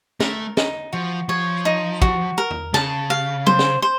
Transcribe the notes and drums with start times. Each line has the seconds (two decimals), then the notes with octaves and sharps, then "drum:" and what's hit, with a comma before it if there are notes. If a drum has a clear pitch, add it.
0.20 A3 A#4, drum: snare
0.57 D#4, drum: snare
0.93 F3 F#4
1.29 F3 C#5
1.65 D#4
2.02 F#4, drum: kick
2.38 A#4
2.50 drum: tom E2
2.74 C#3 A5, drum: snare
3.10 F5
3.47 C5, drum: tom
3.59 drum: snare
3.82 C5